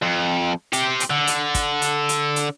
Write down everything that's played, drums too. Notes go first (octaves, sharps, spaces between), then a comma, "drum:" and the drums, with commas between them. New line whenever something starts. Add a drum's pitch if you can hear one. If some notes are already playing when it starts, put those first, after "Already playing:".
F2
C4 G4, drum: hi-hat
drum: hi-hat
D3
drum: hi-hat
drum: kick, hi-hat
drum: hi-hat
drum: hi-hat
drum: hi-hat